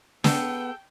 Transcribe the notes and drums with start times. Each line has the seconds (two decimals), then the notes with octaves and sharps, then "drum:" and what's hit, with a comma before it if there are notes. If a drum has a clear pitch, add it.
0.24 B3 G#4 A4 G5, drum: snare